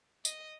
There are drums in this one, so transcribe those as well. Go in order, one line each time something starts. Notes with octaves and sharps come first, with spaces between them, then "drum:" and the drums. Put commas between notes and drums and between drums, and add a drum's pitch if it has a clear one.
D#5, drum: tambourine